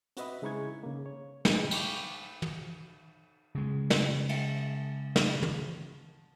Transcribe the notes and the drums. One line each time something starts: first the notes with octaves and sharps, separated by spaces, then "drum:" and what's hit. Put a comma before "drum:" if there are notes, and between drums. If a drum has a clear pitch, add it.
C4 F#4 B4 D#5 E5 B5, drum: hi-hat
C#3 G#3 D#4 E4 C#6 G#6
C#3 A#3
C#5
G#4, drum: snare
G5 B5 C#6 D6, drum: cymbal
drum: tom
C#3 G#3
drum: snare
drum: cymbal
drum: snare
drum: tom